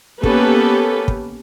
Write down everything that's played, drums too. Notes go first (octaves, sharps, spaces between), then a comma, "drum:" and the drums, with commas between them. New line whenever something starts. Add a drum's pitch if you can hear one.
A#3 B3 C#4 G4 A4 B4, drum: kick
drum: kick